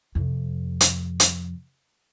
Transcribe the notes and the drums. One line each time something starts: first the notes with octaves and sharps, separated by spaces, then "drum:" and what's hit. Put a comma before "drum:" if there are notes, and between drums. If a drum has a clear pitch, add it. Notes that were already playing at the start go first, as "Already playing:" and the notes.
F2 C3
drum: hi-hat
drum: hi-hat